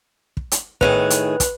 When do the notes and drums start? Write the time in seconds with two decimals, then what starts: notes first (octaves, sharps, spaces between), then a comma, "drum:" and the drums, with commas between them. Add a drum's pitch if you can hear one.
0.37 drum: kick
0.52 drum: hi-hat
0.81 A2 D#3 G#4 B4, drum: kick
1.10 drum: hi-hat
1.40 drum: kick, hi-hat